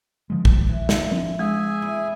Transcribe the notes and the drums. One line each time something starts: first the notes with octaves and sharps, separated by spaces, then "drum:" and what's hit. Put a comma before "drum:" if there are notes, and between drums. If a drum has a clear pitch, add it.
D#3 F3 G#3
drum: kick
E3
drum: snare
F3 C4 D4
G#3 G#4 E5 G#5
E2 E4